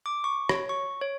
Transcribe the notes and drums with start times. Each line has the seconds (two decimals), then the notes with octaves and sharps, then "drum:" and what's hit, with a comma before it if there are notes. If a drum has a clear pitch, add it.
0.06 D6
0.24 C#6
0.49 C#5, drum: rim click
0.69 C#6
1.02 C#5